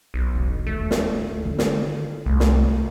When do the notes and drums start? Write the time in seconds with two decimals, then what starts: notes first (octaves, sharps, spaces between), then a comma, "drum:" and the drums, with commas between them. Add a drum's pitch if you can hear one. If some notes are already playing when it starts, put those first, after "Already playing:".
0.14 B1
0.35 E1
0.66 D#2 A3
0.91 drum: snare
1.15 D2
1.45 D3 D#3
1.58 drum: snare
2.26 C2 D3 A3
2.40 drum: snare